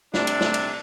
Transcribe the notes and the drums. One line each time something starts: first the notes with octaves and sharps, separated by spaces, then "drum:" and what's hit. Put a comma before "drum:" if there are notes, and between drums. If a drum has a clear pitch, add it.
C3 D4, drum: snare
drum: cymbal
drum: snare
drum: cymbal